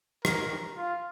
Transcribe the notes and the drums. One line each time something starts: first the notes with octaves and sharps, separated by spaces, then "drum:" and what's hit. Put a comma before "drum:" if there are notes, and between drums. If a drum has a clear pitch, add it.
A#4, drum: rim click
F4